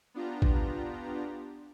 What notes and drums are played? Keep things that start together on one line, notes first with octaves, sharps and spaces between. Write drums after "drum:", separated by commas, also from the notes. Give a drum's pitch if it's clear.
B3 D4 F4 G4 A#5
drum: kick G#1